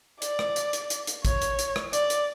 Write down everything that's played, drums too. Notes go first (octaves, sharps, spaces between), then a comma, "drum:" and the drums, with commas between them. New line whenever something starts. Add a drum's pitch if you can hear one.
D5, drum: hi-hat
drum: rim click
drum: hi-hat
drum: hi-hat
drum: hi-hat
drum: hi-hat
C#5, drum: kick, hi-hat
drum: hi-hat
drum: hi-hat
drum: rim click
D5, drum: hi-hat
drum: hi-hat